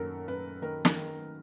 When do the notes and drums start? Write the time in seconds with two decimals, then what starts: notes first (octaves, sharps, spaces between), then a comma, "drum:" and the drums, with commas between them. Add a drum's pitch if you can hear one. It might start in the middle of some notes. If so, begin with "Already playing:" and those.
Already playing: F#2 D#3 A4 A#4
0.28 F#2 B4
0.62 D#3 A#4
0.85 drum: snare
0.96 D#3